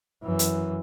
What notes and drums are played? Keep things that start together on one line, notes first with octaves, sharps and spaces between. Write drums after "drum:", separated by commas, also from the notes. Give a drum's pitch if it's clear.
F#2 E3
drum: hi-hat